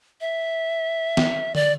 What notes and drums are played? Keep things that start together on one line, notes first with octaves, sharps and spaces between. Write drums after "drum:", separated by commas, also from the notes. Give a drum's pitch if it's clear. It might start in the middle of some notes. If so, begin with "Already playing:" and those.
E5
drum: snare
D5, drum: tom D3